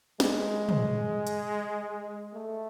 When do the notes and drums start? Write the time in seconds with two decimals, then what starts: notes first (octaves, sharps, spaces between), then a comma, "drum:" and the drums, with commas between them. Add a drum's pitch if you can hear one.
0.20 G#3, drum: snare
0.69 drum: tom
1.27 drum: hi-hat
2.34 A3